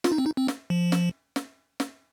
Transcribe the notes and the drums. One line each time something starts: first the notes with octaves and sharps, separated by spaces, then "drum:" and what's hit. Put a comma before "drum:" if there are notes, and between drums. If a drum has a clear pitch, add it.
F4, drum: snare
D#4
C4
D#4
C4
drum: snare
F3
drum: snare
drum: snare
drum: snare